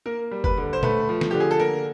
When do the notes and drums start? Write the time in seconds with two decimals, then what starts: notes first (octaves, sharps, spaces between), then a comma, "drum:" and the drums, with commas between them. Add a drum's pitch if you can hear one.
0.06 A#3 A#4
0.31 G3
0.44 B4, drum: kick
0.57 D3
0.73 C5
0.83 A3 B4, drum: tom A#2
1.09 F3
1.21 drum: snare
1.31 D3 G4
1.40 G#4
1.51 A4
1.60 A#3 A#4